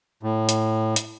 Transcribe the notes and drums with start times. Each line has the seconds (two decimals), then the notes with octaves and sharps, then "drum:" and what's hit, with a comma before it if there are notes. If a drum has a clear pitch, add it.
0.23 A2
0.49 drum: hi-hat
0.96 drum: hi-hat